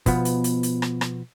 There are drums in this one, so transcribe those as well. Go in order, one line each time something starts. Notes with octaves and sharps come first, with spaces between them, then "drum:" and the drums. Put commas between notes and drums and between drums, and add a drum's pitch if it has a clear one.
B2 F3 B3, drum: kick, hi-hat
drum: hi-hat
drum: hi-hat
drum: hi-hat
drum: rim click
drum: rim click